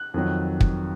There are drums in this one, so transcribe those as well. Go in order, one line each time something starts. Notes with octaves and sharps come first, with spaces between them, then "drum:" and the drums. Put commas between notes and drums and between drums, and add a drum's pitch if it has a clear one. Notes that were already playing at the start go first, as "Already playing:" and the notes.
Already playing: F#6
F2 D#3 F#3
drum: kick